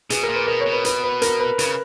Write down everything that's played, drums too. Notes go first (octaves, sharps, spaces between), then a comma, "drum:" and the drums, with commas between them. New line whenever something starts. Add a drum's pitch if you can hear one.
B2 G#4, drum: hi-hat
A#4
A#2
B4
B2 A#4
C#5
B2
B4
B4, drum: hi-hat
B4
A#4, drum: hi-hat
B4
C#3, drum: hi-hat